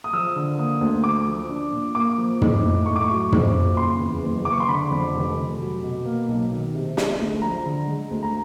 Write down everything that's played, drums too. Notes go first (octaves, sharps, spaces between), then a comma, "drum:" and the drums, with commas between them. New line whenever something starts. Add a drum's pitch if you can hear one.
D#6
F3 E6
D3
A#3 D#6
D2
A3 D6
F3
D4
A#2
A#3 D6
F3
D#4, drum: tom
A2
A3 C#6
D6
C#6
F#3
C4, drum: tom
A#2
C#3 C6
E2
F#1
F#1 D6
C#6
C6
D3 B5
F2
F1
F1
F#3
B2
A#3
B1
D#3
C3
G#3, drum: snare
D2
F3 A#5
D3
G#3
D2
A#5